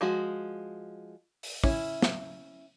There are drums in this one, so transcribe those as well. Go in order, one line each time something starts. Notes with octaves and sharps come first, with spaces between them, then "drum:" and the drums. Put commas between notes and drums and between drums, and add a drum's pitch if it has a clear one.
F3 G#3 F#4
drum: open hi-hat
C#4 E4, drum: kick
drum: snare